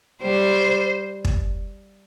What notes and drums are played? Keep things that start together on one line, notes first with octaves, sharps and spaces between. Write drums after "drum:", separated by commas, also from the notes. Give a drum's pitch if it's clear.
G3 C5
drum: kick